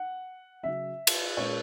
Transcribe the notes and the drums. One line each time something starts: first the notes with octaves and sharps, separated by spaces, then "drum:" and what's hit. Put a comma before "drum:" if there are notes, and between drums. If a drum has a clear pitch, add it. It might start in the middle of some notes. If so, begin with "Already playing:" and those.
Already playing: F#5
C#3 F#3 C#4 E5
drum: cymbal
A#2 G#3 C#4 C#5